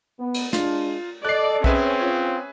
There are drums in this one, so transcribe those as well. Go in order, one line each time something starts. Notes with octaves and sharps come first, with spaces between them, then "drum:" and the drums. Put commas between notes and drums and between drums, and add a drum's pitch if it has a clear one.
B3
drum: cymbal
G#3 D4 F4, drum: snare
A4 D5 D#5 F#6 C7
C4 C#4 G#4 B4 E5, drum: kick B1
F4